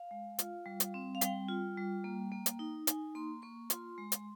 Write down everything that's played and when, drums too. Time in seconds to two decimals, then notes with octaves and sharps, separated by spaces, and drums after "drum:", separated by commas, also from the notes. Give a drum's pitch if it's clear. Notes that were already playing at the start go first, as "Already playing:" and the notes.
Already playing: F5
0.11 G#3
0.39 F4, drum: hi-hat
0.66 G3
0.80 drum: hi-hat
0.94 C4
1.15 F5
1.21 G3 G5, drum: hi-hat
1.49 F4
1.77 G3
2.04 A#3
2.32 A#3
2.46 drum: hi-hat
2.59 D#4
2.87 D#4 G#5, drum: hi-hat
3.15 A#3 C6
3.42 A#3 C#6
3.70 F4 C6, drum: hi-hat
3.98 G#3
4.12 drum: hi-hat